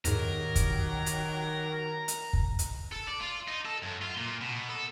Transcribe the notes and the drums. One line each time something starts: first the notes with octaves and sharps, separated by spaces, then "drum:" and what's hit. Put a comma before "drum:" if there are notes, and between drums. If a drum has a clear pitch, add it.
E2 G#2 D#3 F#3 D#4 G4 A#4, drum: hi-hat
drum: kick, hi-hat
drum: hi-hat
drum: hi-hat
drum: kick
drum: hi-hat
A4
D5
F4
D#4
A4
F#2
F4
A#2
B2
A4